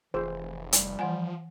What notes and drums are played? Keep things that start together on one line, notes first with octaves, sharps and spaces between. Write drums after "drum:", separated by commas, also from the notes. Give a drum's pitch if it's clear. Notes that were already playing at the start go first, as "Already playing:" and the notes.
F1 E3 F4 G#4 C5
G3, drum: hi-hat
E3 F3 F#5 G#5